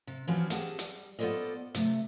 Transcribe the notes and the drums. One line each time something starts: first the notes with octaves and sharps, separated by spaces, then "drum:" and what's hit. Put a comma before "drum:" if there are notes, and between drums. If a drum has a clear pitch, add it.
C3
E3 F3 C4 C#4 F4 F#4
C4 G4 G#4 F#5 A5, drum: hi-hat
G3, drum: hi-hat
B3 F4 A4 C5 D5 D#5
C3 A3, drum: hi-hat